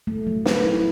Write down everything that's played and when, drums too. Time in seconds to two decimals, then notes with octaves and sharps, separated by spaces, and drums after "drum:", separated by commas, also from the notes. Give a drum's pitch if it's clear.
0.07 A3
0.27 F#3
0.46 B4, drum: snare
0.65 E4